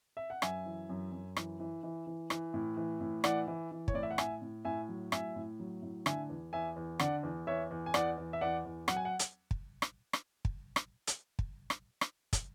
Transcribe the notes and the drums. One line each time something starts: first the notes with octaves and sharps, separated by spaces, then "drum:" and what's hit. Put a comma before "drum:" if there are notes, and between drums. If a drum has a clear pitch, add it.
E5
F#5
F#2 E5 G#5, drum: rim click
E3
F#2
F#2
E3, drum: rim click
E3
E3
E3
E3, drum: rim click
A2
E3
A2
E3 D5 F#5, drum: rim click
E3
E3
C#5, drum: kick
A2 D5
E5
F#5
A2 E5 G#5, drum: rim click
A2
A2 E5 G#5
F#3
A2 E5 G#5, drum: rim click
A2
F#3
A2
D3 E5 G#5, drum: rim click
E2
E2 E5 G#5
E2
D3 D5 F#5, drum: rim click
E2
E2 C#5 E5
E2
G#5
E2 D5 F#5, drum: rim click
E2
E5
E2 D5 F#5
E2
F#3 F#5, drum: rim click
G#5
F#5
drum: hi-hat
drum: kick
drum: rim click
drum: rim click
drum: kick
drum: rim click
drum: hi-hat
drum: kick
drum: rim click
drum: rim click
drum: kick, hi-hat